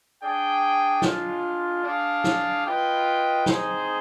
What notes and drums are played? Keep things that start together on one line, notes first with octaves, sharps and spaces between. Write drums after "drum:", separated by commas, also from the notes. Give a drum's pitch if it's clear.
D4 G#4 D5 G5
G#3 D4 F4, drum: snare
D4 G#4 D5 F5
drum: snare
F4 B4 D#5 G5
C4 D#4 G#4 C5, drum: snare